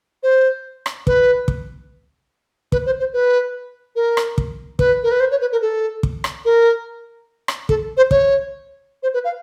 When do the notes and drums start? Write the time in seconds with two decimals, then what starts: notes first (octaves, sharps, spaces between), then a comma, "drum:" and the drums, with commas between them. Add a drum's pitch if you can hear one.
0.23 C5
0.86 drum: rim click
1.07 B4, drum: kick
1.48 drum: kick
2.72 B4, drum: kick
2.86 C5
3.00 C5
3.13 B4
3.96 A#4
4.17 drum: rim click
4.38 drum: kick
4.79 B4, drum: kick
5.03 A#4
5.11 B4
5.20 C5
5.31 C#5
5.41 B4
5.52 A#4
5.62 A4
6.03 drum: kick
6.24 drum: rim click
6.45 A#4
7.48 drum: rim click
7.69 A4, drum: kick
7.97 C5
8.11 C#5, drum: kick
9.03 C5
9.14 B4
9.24 F5